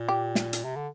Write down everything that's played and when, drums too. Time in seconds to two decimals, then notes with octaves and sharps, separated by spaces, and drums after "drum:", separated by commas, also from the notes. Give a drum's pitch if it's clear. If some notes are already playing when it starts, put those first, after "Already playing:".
Already playing: A#2
0.08 G4
0.35 drum: snare
0.53 drum: hi-hat
0.64 C3
0.76 D3